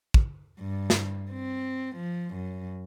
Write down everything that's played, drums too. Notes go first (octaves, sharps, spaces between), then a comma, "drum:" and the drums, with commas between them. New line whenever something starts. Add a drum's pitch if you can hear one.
drum: kick
G2
drum: snare
C4
F3
F#2